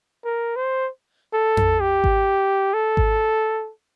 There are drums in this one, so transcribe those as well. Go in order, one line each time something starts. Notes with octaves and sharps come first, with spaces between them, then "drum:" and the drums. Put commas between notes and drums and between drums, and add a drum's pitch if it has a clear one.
A#4
C5
A4
drum: tom F2
G4
drum: kick G#1
A4
drum: kick G#1